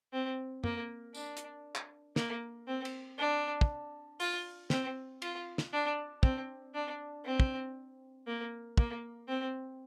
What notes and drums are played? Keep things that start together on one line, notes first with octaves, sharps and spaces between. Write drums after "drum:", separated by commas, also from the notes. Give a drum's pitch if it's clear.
C4
A#3, drum: tom
D4, drum: tambourine
drum: hi-hat
drum: clap
A#3, drum: snare
C4
drum: cymbal
D4
drum: kick
F4, drum: open hi-hat
C4, drum: snare
F4, drum: cymbal
drum: snare
D4
C4, drum: kick
D4
C4
drum: kick
A#3
A#3, drum: kick
C4